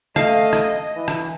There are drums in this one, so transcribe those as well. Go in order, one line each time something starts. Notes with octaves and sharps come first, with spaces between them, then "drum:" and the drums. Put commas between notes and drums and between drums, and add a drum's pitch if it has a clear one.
A3 D#5 F5, drum: rim click
drum: rim click
E3
drum: rim click